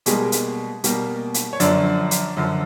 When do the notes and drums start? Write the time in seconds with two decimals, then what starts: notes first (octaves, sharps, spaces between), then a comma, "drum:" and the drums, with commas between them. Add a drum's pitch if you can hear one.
0.06 B2 G3 G#3 A#3 G#4, drum: hi-hat
0.32 drum: hi-hat
0.84 B2 G3 A#3, drum: hi-hat
1.34 drum: hi-hat
1.53 C#5
1.60 F#2 D3 F3 D4 D5, drum: hi-hat
2.11 drum: hi-hat
2.37 F#2 D3 F3